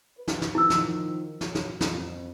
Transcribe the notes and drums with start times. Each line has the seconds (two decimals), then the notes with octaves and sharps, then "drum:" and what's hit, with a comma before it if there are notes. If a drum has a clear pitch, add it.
0.17 B4
0.28 drum: snare
0.42 drum: snare
0.55 D#3 F3 E4 E6
0.70 drum: snare
1.41 F#3, drum: snare
1.55 drum: snare
1.81 F2, drum: snare